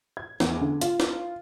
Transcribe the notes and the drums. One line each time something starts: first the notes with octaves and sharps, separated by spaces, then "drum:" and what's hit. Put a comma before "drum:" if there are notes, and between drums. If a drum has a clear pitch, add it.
G#6
E2, drum: snare
D3
F4, drum: hi-hat
drum: snare